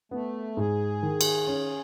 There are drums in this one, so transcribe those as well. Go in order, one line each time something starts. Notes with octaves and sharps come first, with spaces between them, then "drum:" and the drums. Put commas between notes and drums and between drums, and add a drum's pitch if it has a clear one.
A3 B3
G#2 G#4
D#3
drum: cymbal
C#4